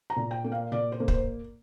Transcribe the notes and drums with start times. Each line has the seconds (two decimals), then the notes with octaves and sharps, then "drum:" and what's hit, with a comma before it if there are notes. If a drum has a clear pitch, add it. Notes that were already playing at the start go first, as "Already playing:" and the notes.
0.10 A#5
0.16 A#2
0.31 G5
0.44 A#3
0.52 F5
0.72 A#2 D5
0.92 C5
1.00 A#3
1.08 C5, drum: kick